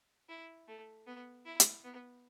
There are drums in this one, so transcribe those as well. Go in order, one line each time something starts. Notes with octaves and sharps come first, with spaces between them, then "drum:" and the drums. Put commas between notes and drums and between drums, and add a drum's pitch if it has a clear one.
E4
A3
B3
E4
drum: hi-hat
B3